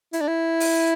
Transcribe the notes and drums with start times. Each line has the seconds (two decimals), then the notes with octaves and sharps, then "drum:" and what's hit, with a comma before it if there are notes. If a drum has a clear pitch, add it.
0.13 E4, drum: hi-hat
0.21 D4
0.28 E4
0.60 drum: open hi-hat